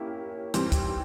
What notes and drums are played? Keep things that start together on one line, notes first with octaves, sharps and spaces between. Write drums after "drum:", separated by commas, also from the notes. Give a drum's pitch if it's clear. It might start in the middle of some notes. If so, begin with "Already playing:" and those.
Already playing: A#3 C#4 E4 G4
E3 G3 C4, drum: hi-hat
drum: kick, hi-hat